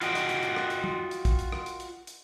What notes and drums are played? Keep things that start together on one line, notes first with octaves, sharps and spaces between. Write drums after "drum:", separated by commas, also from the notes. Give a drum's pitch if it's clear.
F4 F#4 D#5 G5, drum: hi-hat
drum: hi-hat
drum: hi-hat
drum: hi-hat
drum: rim click
drum: hi-hat
drum: tom
drum: hi-hat
drum: kick, hi-hat
drum: hi-hat
drum: rim click
drum: hi-hat
drum: hi-hat
drum: hi-hat